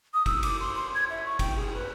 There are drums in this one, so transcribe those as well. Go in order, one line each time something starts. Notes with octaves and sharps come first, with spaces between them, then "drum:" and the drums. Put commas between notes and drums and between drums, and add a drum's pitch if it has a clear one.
D#6
E6, drum: kick F#1, cymbal
D6, drum: cymbal
C6
C6
G#6
E5
C#6
G5, drum: kick F#1, cymbal
G#4
B4